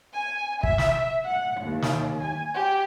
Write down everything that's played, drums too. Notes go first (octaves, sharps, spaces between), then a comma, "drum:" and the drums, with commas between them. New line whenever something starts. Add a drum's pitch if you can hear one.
G#5
E5, drum: kick
drum: snare
F#5
D#2
drum: snare
G#5
G4